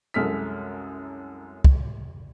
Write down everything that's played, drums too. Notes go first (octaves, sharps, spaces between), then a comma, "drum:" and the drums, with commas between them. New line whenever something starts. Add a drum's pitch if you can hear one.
C2 F#2 G#3 A4 F6 B6
drum: kick